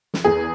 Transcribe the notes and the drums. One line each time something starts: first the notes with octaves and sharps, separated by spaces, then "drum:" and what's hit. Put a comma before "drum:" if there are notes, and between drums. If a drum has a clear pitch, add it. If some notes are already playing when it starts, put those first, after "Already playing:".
drum: snare
E2 G#4